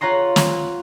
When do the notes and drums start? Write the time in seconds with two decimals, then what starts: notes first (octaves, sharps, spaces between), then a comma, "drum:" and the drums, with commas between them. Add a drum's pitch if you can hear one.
0.01 F4 C#5 F#5 A#5 C6
0.36 drum: snare